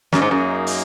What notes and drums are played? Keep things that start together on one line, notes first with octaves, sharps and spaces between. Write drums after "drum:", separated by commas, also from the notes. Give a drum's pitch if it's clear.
F#2 A#3 D#4 G#4, drum: snare
G#2
F#2
drum: open hi-hat